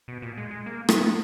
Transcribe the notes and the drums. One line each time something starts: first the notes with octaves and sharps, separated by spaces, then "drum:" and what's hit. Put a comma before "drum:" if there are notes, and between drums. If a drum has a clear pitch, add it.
B2
A#2
G#3
G#3
A#3
B3, drum: rim click